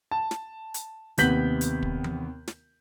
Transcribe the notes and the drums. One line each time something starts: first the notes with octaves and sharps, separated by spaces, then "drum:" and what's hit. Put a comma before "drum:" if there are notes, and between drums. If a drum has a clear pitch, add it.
A5
drum: snare
drum: hi-hat
D#2 C3 B3 G6 B6 F#7, drum: hi-hat
drum: hi-hat
drum: kick
drum: tom E3
drum: snare